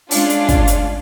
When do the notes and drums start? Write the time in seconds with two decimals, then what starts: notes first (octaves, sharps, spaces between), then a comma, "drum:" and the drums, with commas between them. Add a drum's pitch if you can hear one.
0.11 G#3 C#4 D4 F4, drum: open hi-hat
0.30 drum: hi-hat
0.49 drum: kick, hi-hat
0.67 drum: hi-hat